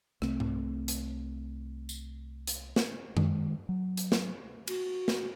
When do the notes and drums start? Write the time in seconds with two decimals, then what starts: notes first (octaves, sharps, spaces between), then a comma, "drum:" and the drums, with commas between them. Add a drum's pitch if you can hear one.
0.22 C2 A3 C4, drum: rim click
0.40 drum: tom G#2
0.88 drum: hi-hat
1.89 drum: tambourine
2.47 drum: hi-hat
2.76 drum: snare
3.17 D#3 G#3, drum: tom F#2
3.69 F#3
3.97 drum: hi-hat
4.12 drum: snare
4.68 F#4, drum: cymbal
5.08 drum: snare